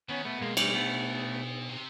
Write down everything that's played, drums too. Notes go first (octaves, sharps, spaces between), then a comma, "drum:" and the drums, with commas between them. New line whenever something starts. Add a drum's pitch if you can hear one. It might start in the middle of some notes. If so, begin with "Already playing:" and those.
D#3 B3 C#4
B2 A3 B3
B2 G#3 A#3
G3 A3, drum: cymbal
A3 B3
C3